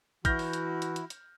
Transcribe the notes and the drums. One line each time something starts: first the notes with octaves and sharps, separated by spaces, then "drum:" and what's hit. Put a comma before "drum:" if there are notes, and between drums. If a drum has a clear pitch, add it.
E3 E4 F#4 F6 G6 A#6, drum: kick, hi-hat
drum: open hi-hat
drum: hi-hat
drum: hi-hat
drum: hi-hat
drum: hi-hat